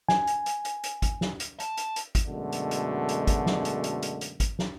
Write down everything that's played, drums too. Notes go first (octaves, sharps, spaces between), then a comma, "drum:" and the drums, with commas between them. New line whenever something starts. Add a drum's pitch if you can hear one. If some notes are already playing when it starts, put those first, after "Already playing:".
G#5, drum: snare
drum: hi-hat
drum: hi-hat
drum: hi-hat
drum: hi-hat
drum: kick G#1, hi-hat
drum: snare
drum: hi-hat
A5, drum: hi-hat
drum: hi-hat
drum: hi-hat
drum: kick G#1, hi-hat
F#2 B2 D3 G#3 A3
drum: hi-hat
drum: hi-hat
drum: hi-hat
drum: kick G#1, hi-hat
drum: snare
drum: hi-hat
drum: hi-hat
drum: hi-hat
drum: hi-hat
drum: kick G#1, hi-hat
drum: snare